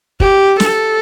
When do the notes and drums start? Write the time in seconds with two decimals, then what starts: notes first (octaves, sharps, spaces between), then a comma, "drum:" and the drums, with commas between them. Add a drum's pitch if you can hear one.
0.20 G4, drum: kick
0.60 A4, drum: snare